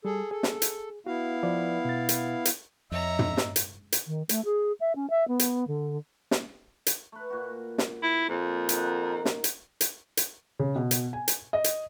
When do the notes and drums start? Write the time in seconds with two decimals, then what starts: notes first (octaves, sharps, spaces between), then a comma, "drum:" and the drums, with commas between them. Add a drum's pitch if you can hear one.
0.05 G3 G#4 A4
0.31 G#4 A4
0.43 drum: snare
0.62 drum: hi-hat
1.07 B3 E4 F#4 F5
1.43 F3 B4 D5
1.85 B2 A6
2.09 drum: hi-hat
2.45 drum: hi-hat
2.92 F2 C#5 D#5 E5 A#5
3.19 drum: tom
3.37 drum: snare
3.56 drum: hi-hat
3.92 drum: hi-hat
4.07 D#3
4.29 A3, drum: hi-hat
4.45 G#4
4.80 E5
4.95 C#4
5.10 E5
5.28 B3
5.39 drum: hi-hat
5.68 D3
6.31 drum: snare
6.87 drum: hi-hat
7.12 A3 B4
7.30 A#2 F#4
7.78 drum: snare
8.02 E4
8.29 F2 A#2
8.69 D#3 D#4 F#5, drum: hi-hat
9.25 drum: snare
9.44 drum: hi-hat
9.81 drum: hi-hat
10.17 drum: hi-hat
10.59 C#3
10.76 B2
10.91 drum: hi-hat
11.13 G#5
11.28 drum: hi-hat
11.53 D#5
11.64 drum: hi-hat